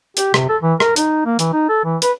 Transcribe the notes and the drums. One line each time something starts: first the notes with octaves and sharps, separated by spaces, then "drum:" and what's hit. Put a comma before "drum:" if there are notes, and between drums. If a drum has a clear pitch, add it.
G4, drum: hi-hat
C3, drum: rim click
A4
E3
A#4, drum: rim click
D#4, drum: hi-hat
A#3
E3, drum: hi-hat
D#4
A4
E3
B4, drum: hi-hat